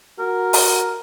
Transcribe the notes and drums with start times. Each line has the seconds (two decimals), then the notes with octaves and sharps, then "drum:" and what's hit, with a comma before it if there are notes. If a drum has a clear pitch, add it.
0.19 F#4 A#4
0.53 drum: open hi-hat